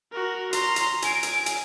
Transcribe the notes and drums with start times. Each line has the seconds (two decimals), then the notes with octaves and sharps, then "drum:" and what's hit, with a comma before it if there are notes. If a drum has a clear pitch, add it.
0.12 F#4 A#4
0.53 A#5 C6, drum: hi-hat
0.76 drum: hi-hat
1.02 G#5 D7, drum: hi-hat
1.23 drum: hi-hat
1.46 drum: hi-hat